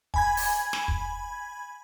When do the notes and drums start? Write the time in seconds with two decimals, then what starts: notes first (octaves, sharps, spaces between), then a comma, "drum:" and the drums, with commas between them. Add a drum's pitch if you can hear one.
0.14 G#5 B5 G#6, drum: kick
0.37 drum: open hi-hat
0.73 drum: snare
0.88 drum: kick